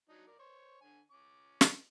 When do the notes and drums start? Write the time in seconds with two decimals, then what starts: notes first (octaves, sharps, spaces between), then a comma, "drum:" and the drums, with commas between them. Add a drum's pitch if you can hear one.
0.09 F#3 D4 D#4
0.27 A#4 D5
0.39 C5 C#5
0.81 D3 G#5
1.11 C#4 D6
1.61 drum: snare